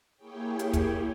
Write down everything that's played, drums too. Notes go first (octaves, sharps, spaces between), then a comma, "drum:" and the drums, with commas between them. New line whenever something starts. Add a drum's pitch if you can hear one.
A#3 E4 G4 G#4 C#5 G5
drum: hi-hat
drum: kick, hi-hat